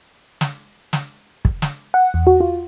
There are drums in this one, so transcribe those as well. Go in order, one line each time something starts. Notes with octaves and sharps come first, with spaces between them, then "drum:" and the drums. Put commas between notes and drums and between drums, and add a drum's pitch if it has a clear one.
drum: snare
drum: snare
drum: kick
drum: snare
F#5
E2
F#4
F4